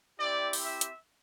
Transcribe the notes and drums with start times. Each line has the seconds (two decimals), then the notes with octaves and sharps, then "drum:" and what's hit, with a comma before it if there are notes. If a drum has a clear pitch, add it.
0.19 C4 E4 G4 D5
0.53 drum: open hi-hat
0.63 E5
0.81 drum: hi-hat